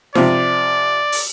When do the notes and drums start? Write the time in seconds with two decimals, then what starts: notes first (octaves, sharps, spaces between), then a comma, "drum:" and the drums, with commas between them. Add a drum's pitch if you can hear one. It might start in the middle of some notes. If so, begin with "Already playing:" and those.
0.15 C3 F3 D5, drum: snare D#4
1.12 drum: open hi-hat